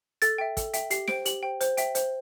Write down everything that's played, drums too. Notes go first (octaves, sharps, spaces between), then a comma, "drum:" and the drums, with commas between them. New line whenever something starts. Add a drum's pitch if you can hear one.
A4 A6, drum: hi-hat
E5 G5
A4, drum: kick, hi-hat
E5 G5, drum: hi-hat
G4 C7, drum: hi-hat
C5 G5 D7, drum: snare
G4 F#7, drum: hi-hat
C5 G5
C5, drum: hi-hat
E5 G5, drum: hi-hat
C5, drum: hi-hat